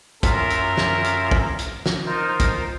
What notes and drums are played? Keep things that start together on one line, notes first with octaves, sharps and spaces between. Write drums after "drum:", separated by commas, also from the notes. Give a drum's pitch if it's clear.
F#2 F4 A#4 E5, drum: kick, hi-hat
drum: hi-hat
drum: snare
drum: hi-hat
drum: kick
drum: hi-hat
drum: snare
D#4 F4 A#4 C5
drum: kick, hi-hat